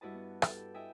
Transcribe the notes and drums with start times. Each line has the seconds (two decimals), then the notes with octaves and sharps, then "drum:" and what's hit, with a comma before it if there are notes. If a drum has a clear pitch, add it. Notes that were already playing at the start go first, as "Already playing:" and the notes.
0.01 G2 E4 F#4 B4 D#5 A5
0.14 B3
0.42 G4 A4, drum: rim click
0.74 E4 D#5 E5 G5 G#5